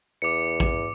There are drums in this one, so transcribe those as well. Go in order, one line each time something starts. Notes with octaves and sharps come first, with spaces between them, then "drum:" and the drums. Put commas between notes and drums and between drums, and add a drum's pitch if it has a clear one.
E2 D6 C#7
drum: kick A1